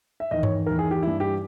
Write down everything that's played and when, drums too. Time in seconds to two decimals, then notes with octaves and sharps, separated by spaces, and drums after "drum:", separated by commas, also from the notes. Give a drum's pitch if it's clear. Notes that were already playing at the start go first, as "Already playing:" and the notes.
0.20 E5
0.31 E2 D#3 D#5
0.43 C#5, drum: tom G2
0.66 E2 D#3 A#4
0.79 G#4
0.91 G4
1.02 G2 E3 E4
1.20 G4